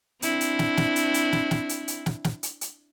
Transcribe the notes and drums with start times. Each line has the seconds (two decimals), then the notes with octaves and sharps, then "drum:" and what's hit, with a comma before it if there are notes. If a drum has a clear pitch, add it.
0.22 C4 D4 E4, drum: hi-hat
0.41 drum: hi-hat
0.59 drum: snare
0.77 drum: snare
0.96 drum: hi-hat
1.14 drum: hi-hat
1.33 drum: snare
1.51 drum: snare
1.69 drum: hi-hat
1.88 drum: hi-hat
2.06 drum: snare
2.24 drum: snare
2.43 drum: hi-hat
2.61 drum: hi-hat